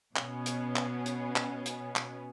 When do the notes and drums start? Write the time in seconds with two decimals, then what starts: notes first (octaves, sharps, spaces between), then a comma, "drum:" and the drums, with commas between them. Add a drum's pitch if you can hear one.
0.16 B2 B3 C#4, drum: clap
0.46 drum: hi-hat
0.76 drum: clap
1.06 drum: hi-hat
1.36 drum: clap
1.66 drum: hi-hat
1.96 drum: clap